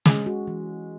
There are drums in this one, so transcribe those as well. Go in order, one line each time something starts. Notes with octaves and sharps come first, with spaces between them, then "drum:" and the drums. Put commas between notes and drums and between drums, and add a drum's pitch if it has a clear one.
G#3 C#4, drum: snare
F#4
E3